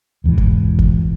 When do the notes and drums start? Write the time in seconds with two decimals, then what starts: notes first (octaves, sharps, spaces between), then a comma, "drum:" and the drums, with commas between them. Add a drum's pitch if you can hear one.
0.24 E1 E2 G#2 E3
0.38 drum: kick
0.79 drum: kick